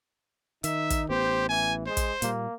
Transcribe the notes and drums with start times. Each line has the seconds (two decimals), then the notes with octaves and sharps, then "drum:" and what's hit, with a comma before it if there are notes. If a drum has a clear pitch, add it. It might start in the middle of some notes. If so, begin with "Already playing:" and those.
0.64 D#3 D#4 E5, drum: hi-hat
0.90 drum: kick, hi-hat
1.10 A1 B3 G4 C5
1.49 E3 G#5
1.87 G#3 C5
1.97 drum: kick, hi-hat
2.22 A#2 G3 A#3, drum: hi-hat